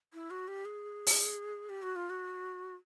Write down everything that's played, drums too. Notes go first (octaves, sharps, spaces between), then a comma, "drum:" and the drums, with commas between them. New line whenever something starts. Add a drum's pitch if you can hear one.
E4
F#4
G4
G#4
drum: open hi-hat
G4
F#4
F4
F#4